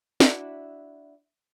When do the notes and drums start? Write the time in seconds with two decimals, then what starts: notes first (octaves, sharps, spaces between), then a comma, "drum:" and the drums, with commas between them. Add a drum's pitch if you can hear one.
0.20 D4 E4 F#4 E5, drum: snare